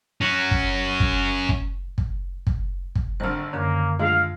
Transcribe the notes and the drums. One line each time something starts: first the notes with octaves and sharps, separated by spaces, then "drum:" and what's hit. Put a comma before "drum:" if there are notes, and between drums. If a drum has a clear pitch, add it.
C#4 F#4
drum: kick
drum: kick
drum: kick
drum: kick
drum: kick
drum: kick
G#1 D3 C5 F6
F#2 D3 D#3 A#3 C#4
D3 G#3 F4 F5